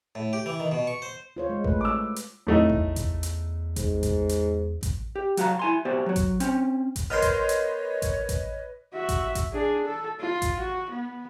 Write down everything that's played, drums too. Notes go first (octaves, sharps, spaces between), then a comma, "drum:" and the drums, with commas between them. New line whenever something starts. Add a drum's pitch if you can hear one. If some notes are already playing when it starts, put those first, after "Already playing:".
A2
G4
E3
D#3
B2
C#6
C5
F4 C5 C#5
G#3
A3 B4, drum: kick A1
D6 E6
drum: hi-hat
E2 A2 A3 D#4
drum: kick A1
drum: kick A1, hi-hat
drum: hi-hat
G#2, drum: kick A1, hi-hat
drum: kick A1, hi-hat
drum: hi-hat
drum: kick A1, hi-hat
G4
F#3 F#4 F5 A#5, drum: hi-hat
E4 G#5 C6
B3 F#4 G4 C5 D5
F#3 F#4
drum: kick A1, hi-hat
C4 C#4, drum: hi-hat
drum: kick A1, hi-hat
B3 A#4 B4 C#5 D#5 C6 F6 G6
drum: kick A1, hi-hat
drum: hi-hat
drum: kick A1, hi-hat
drum: kick A1, hi-hat
F#4 E5
drum: kick A1, hi-hat
drum: kick A1, hi-hat
D4 G#4
A4
F4
drum: kick A1, hi-hat
F#4
B3